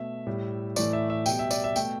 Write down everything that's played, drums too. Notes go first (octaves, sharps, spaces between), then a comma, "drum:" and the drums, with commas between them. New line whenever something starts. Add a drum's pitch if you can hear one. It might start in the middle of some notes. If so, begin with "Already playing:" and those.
Already playing: B2 A3 E5
A2 G3
A2 E3 A3 D5, drum: tambourine
E5
E5
B2 G3 G5, drum: tambourine
E5
D5, drum: tambourine
E5
B2 A3 G5, drum: tambourine